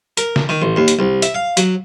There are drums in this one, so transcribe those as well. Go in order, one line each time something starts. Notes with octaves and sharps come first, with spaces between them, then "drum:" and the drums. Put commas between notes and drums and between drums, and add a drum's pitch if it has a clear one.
A#4, drum: hi-hat
drum: snare
D#3
A1
D#2
drum: hi-hat
C2
E5, drum: hi-hat
F5
F#3, drum: hi-hat